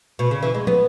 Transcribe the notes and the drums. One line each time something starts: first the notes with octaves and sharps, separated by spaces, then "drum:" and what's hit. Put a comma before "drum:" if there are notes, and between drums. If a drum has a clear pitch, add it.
B2
C#3
E3
G#3
B3, drum: tom